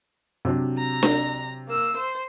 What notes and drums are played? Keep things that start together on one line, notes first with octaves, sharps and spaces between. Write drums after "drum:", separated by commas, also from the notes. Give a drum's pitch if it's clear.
C3 F#3 D4
A#5
drum: snare D4
A#3 E6
C5